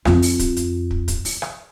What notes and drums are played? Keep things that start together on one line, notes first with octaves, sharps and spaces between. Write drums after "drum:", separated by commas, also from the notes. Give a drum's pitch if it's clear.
F2 F4, drum: rim click
drum: open hi-hat
drum: kick, hi-hat
drum: hi-hat
drum: kick
drum: kick, hi-hat
drum: open hi-hat
drum: rim click